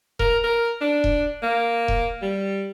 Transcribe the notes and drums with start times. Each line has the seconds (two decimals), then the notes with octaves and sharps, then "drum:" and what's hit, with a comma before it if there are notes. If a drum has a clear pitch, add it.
0.19 A#4, drum: kick E1
0.44 A#4
0.81 D4
1.04 drum: kick E1
1.42 A#3
1.88 drum: kick E1
2.22 G3